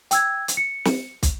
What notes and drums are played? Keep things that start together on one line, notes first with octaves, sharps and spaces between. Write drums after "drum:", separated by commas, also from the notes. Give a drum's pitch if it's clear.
G5 E6 G#6, drum: hi-hat
drum: hi-hat
C#7
drum: snare
drum: kick, hi-hat